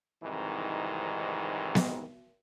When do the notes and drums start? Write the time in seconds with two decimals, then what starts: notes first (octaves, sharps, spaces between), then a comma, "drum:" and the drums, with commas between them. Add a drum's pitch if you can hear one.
0.23 C2 F2 G#2 D#3 E3
1.75 drum: snare B3